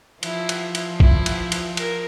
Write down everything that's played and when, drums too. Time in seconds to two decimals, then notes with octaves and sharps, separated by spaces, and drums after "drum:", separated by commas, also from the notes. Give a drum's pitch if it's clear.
0.23 F3 E4, drum: cymbal
0.49 drum: cymbal
0.75 drum: cymbal
1.00 E4, drum: kick
1.26 drum: cymbal
1.52 drum: cymbal
1.77 A#4, drum: cymbal